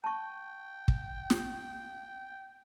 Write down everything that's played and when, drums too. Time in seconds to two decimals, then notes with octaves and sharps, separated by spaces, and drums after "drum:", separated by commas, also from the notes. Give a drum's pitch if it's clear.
0.04 G5 A5 C#6
0.88 drum: kick
1.30 drum: snare